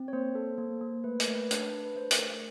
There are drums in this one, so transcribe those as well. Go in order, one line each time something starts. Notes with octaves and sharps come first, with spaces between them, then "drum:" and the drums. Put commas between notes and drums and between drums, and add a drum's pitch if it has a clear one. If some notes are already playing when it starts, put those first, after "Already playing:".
Already playing: C4
C#5
A#3 C5
A4
A#3
A#3
A3 B4
A#4, drum: hi-hat
A3
B4
D4, drum: hi-hat
D4
B4
A3 C5
A#4, drum: hi-hat
A3
A#4